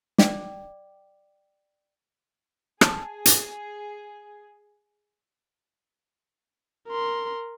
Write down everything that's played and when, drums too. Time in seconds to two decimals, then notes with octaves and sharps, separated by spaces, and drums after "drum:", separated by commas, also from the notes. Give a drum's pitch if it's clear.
0.18 D5 G5 D6, drum: snare
2.81 G#4 A5, drum: rim click
3.26 drum: hi-hat
6.88 A#4 C6